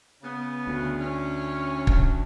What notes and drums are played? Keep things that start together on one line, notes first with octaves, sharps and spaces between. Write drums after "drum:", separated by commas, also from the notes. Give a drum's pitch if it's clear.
C#3 B3
D2
C#4
drum: kick